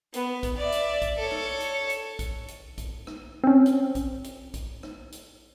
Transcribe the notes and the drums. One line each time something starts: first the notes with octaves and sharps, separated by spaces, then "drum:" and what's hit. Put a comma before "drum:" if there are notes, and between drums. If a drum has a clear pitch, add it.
B3, drum: hi-hat
drum: kick A#1, hi-hat
D5 E5
drum: hi-hat
drum: kick A#1, hi-hat
A4 C#5
drum: rim click
drum: hi-hat
drum: hi-hat
drum: kick A#1, hi-hat
drum: hi-hat
drum: kick A#1, hi-hat
drum: rim click
C4 C#4
drum: hi-hat
drum: kick A#1, hi-hat
drum: hi-hat
drum: kick A#1, hi-hat
drum: rim click
drum: hi-hat